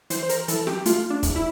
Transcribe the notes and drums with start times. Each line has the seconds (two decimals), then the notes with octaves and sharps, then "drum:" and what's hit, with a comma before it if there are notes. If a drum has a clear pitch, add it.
0.10 E3 C5, drum: hi-hat
0.23 C5
0.29 A#4, drum: hi-hat
0.48 E3 A4, drum: hi-hat
0.67 G4, drum: snare
0.85 A3 F4, drum: hi-hat
1.10 D4
1.23 E2, drum: kick, hi-hat
1.36 E4